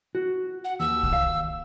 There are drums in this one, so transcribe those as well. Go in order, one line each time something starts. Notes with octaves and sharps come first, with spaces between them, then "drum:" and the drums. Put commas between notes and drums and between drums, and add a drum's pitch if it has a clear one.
F#4
F#5
D#2 E6
drum: kick
F5